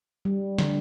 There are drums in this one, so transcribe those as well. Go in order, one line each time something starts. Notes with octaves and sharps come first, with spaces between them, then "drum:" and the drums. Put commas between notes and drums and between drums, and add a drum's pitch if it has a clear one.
G3
D3, drum: snare